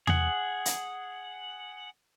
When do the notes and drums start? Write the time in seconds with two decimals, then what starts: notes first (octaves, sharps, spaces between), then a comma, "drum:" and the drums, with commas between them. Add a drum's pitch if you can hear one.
0.07 G#4 F#5, drum: tom E2
0.66 drum: hi-hat